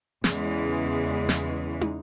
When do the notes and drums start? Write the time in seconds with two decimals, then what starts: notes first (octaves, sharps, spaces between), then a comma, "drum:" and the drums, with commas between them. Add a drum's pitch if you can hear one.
0.24 E2 C#3 E3 G#3, drum: snare
1.29 drum: snare
1.81 drum: tom